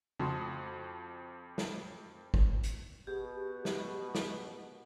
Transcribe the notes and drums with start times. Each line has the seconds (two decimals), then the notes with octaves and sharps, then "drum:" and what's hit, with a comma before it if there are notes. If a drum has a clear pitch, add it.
0.19 F2 F#4 A5 C6 D#6, drum: tom C#3
1.58 drum: snare
2.34 drum: kick
2.64 drum: hi-hat
3.07 B2 G4 G#4
3.65 drum: snare
4.15 drum: snare